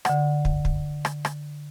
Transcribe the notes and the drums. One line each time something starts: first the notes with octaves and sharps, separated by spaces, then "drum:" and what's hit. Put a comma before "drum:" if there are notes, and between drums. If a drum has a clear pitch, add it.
D3 F#5, drum: rim click
drum: kick
drum: kick
drum: rim click
drum: rim click